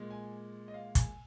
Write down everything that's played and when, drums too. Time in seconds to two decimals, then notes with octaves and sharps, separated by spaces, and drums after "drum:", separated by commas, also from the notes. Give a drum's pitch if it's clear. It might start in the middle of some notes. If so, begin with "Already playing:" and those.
Already playing: A#2 G#3
0.10 G#5
0.68 D#5
0.74 F5
0.95 G#5, drum: kick, hi-hat